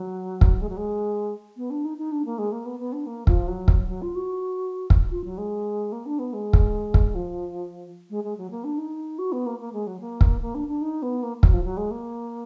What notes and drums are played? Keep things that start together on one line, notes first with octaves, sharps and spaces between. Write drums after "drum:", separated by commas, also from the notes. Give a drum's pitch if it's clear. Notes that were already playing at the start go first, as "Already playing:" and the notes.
Already playing: F#3
drum: kick
G#3
F#3
G#3
B3
D4
D#4
D#4
D4
A#3
G#3
A#3
B3
B3
D4
A#3
F3, drum: kick
F#3
drum: kick
F#3
F4
F#4
drum: kick
F4
F#3
G#3
A#3
D4
B3
G#3
drum: kick
drum: kick
F3
G#3
G#3
F#3
A#3
D4
D#4
F#4
B3
A#3
A#3
G#3
F#3
A#3
drum: kick
A#3
D4
D4
D#4
B3
A#3
F#3, drum: kick
F3
F#3
G#3
A#3